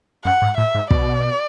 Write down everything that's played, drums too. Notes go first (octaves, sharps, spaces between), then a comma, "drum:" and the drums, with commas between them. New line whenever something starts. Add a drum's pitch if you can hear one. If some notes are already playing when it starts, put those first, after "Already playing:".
F#2 F#5
G#2
A2 E5
G#2
B2 D5, drum: kick